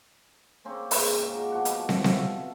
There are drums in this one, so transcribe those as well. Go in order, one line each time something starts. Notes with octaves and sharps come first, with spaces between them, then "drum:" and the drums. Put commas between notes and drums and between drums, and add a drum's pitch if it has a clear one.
A#3 C4 C#4 C5
G#2 C3, drum: open hi-hat
C#4 F4 G#4 A#4
D#4 F#4 D6
B2 F3 F#4
drum: hi-hat
drum: snare
A4 E5 F5 C#6, drum: snare